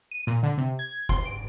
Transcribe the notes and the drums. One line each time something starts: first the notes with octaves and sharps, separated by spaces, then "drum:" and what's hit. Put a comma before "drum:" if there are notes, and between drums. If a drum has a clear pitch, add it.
D#7
A#2
D3
C3
G#6
C6, drum: kick F#1
D7